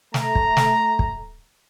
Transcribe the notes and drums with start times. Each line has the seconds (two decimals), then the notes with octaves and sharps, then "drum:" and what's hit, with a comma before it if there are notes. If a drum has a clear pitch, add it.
0.14 A3 A#5, drum: snare
0.35 drum: kick
0.57 drum: snare
0.99 drum: kick